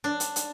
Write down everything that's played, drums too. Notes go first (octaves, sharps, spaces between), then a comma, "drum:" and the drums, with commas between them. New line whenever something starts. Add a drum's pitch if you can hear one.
D4
drum: hi-hat
drum: hi-hat